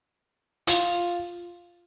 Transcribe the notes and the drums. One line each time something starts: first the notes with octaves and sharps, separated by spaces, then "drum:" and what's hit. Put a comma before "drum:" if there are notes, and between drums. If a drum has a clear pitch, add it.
F4, drum: hi-hat